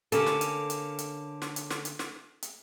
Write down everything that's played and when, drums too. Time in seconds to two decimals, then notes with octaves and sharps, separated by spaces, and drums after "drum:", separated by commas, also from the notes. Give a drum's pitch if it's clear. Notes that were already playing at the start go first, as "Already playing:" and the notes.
0.12 D3 A#3 C#4 A4 A5 D6, drum: hi-hat
0.27 drum: snare
0.41 drum: hi-hat
0.70 drum: hi-hat
0.99 drum: hi-hat
1.42 drum: snare
1.56 drum: hi-hat
1.71 drum: snare
1.85 drum: hi-hat
1.99 drum: snare
2.43 drum: hi-hat